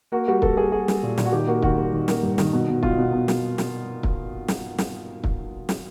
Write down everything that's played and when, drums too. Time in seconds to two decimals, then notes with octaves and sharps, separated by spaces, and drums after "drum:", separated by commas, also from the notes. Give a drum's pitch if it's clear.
0.12 A#3 F#4
0.28 G3 F#4
0.42 G3 A4, drum: kick
0.57 G3 G#4
0.72 G3 G#4
0.88 G3, drum: snare
1.03 A#2
1.18 A#2, drum: snare
1.25 F#4
1.32 D#3 G4
1.47 A#3 F#4
1.62 D#3 F#4, drum: kick
1.78 G3
1.93 D#3
2.08 A#3, drum: snare
2.23 G2
2.38 D#3, drum: snare
2.53 B2
2.68 B2
2.83 B2 F4, drum: kick
2.98 B2
3.13 B2
3.28 drum: snare
3.58 drum: snare
4.03 drum: kick
4.48 drum: snare
4.78 drum: snare
5.24 drum: kick
5.69 drum: snare